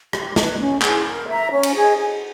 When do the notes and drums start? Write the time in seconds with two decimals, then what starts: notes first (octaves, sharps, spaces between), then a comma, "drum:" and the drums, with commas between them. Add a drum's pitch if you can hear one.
0.13 G4, drum: rim click
0.36 B4 D#5, drum: snare
0.59 C#4
0.82 E4 G#4, drum: clap
1.06 A#4
1.29 E5 A#5
1.52 C#4
1.63 drum: cymbal
1.76 G#4 D#5
1.98 G#4